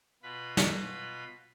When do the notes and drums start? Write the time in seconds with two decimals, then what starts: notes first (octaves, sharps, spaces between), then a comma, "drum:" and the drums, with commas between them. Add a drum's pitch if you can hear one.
0.23 B2 F4 B4 B5
0.57 drum: snare